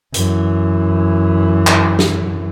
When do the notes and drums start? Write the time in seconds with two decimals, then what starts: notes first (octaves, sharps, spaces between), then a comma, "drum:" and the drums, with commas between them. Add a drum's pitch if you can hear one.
0.14 F#2 E3, drum: hi-hat
1.67 drum: clap
1.99 drum: snare